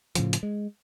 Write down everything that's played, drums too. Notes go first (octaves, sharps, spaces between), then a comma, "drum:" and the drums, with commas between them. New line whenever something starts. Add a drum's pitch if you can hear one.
A2 C#3 F3, drum: hi-hat
drum: hi-hat
G#3